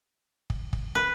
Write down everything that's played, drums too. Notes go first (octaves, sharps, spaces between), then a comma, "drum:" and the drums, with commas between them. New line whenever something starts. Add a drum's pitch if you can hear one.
drum: kick
drum: kick
B4